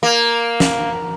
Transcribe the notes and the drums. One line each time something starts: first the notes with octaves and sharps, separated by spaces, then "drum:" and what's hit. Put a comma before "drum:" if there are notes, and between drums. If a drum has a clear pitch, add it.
A#3
drum: snare